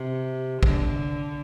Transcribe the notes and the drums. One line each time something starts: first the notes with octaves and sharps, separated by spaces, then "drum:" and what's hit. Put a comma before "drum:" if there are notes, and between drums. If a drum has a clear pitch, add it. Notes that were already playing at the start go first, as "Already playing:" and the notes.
Already playing: C3
D3, drum: kick